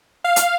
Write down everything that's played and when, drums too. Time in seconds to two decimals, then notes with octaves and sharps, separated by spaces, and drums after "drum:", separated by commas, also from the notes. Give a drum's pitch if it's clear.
0.24 F5
0.36 drum: hi-hat